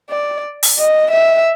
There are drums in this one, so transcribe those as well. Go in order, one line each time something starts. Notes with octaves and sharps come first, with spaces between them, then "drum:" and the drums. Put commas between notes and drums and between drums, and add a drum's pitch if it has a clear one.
D5
drum: open hi-hat
D#5
E5